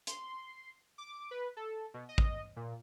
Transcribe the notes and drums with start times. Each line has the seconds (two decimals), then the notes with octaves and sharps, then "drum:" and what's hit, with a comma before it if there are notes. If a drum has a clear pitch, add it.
0.07 C6, drum: hi-hat
0.98 D6
1.31 B4
1.57 A4
1.94 B2
2.09 D#5
2.18 drum: kick A1
2.56 A#2